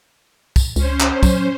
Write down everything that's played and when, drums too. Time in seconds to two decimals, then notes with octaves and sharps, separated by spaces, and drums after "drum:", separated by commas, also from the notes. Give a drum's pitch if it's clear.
0.56 drum: kick, tambourine
0.76 C#2 C#4 C5, drum: tambourine
1.00 drum: clap
1.23 F#3, drum: kick, tambourine